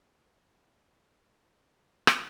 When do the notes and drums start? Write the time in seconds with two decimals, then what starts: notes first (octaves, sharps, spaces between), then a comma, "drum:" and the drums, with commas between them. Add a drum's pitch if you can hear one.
0.25 G3 D#4 F4 G4 A4 C5
2.07 drum: rim click